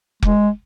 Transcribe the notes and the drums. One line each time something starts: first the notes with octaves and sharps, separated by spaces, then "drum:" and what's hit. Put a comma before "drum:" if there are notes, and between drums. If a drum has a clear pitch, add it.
G#3, drum: kick F1